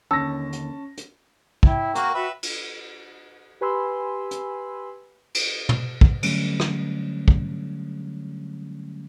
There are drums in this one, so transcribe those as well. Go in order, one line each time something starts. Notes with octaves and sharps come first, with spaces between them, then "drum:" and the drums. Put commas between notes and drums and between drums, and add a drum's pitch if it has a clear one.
D#2 D3 C#4 A5 E6 A#6
drum: hi-hat
drum: hi-hat
E4 C#5 G5, drum: kick
A#3 F#4 A#4, drum: hi-hat
F#4 B4 E5
drum: cymbal
G4 B4 G#5 B5 C6 E6
drum: hi-hat
drum: cymbal
drum: tom
drum: kick
D3 F#3 G3 A3 C#4, drum: cymbal
drum: rim click
drum: kick